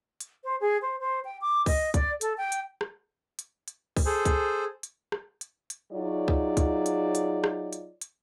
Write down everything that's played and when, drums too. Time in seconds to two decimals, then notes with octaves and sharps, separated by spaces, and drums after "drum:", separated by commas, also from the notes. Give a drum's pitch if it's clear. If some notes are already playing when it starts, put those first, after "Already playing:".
0.20 drum: hi-hat
0.44 C5
0.61 G#4
0.82 C5
1.01 C5
1.25 G5
1.41 D6
1.66 D#5, drum: kick C2, open hi-hat
1.94 D5, drum: kick C2, hi-hat
2.21 A4, drum: hi-hat
2.38 G5
2.52 drum: hi-hat
2.81 drum: rim click
3.39 drum: hi-hat
3.68 drum: hi-hat
3.97 drum: kick C2, open hi-hat
4.06 G#4 A4 C5
4.25 drum: kick C2, hi-hat
4.83 drum: hi-hat
5.12 drum: rim click
5.41 drum: hi-hat
5.70 drum: hi-hat
5.92 F#3 D#4 F4 G#4 C#5 D5
6.28 drum: kick C2
6.57 drum: kick C2, hi-hat
6.86 drum: hi-hat
7.15 drum: hi-hat
7.44 drum: rim click
7.73 drum: hi-hat
8.01 drum: hi-hat